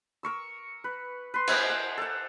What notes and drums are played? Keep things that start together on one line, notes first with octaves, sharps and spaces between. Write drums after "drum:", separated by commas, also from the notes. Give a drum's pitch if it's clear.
A#4 C#6 E6
B4
B4 C6
A#4 C5 F#5 G#5, drum: cymbal
A#4 F#5
A4 F#5